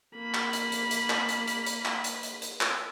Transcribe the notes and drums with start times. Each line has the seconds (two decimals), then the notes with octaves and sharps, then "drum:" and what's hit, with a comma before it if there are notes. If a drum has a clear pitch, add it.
0.15 A#3 B5
0.34 drum: clap
0.53 drum: hi-hat
0.72 drum: hi-hat
0.91 drum: hi-hat
1.10 drum: clap
1.29 drum: hi-hat
1.48 drum: hi-hat
1.66 drum: hi-hat
1.85 drum: clap
2.04 drum: hi-hat
2.23 drum: hi-hat
2.42 drum: hi-hat
2.61 drum: clap